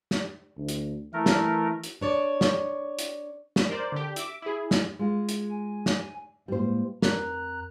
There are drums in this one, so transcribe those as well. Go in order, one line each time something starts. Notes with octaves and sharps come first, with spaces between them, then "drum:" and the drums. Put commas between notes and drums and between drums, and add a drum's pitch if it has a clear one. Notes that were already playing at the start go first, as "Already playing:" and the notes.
drum: snare
D2
drum: hi-hat
E3 A3 A#4
drum: snare
drum: hi-hat
D4 C#5 D5
drum: snare
drum: hi-hat
drum: snare
A#4 C5 D5
D3 G4
E5 D6, drum: hi-hat
E4 G#4
drum: snare
G#3 F4
drum: hi-hat
G#5
drum: snare
A2 G3 G#3 A#3 C5
F2 A#4 A#5 F#6, drum: snare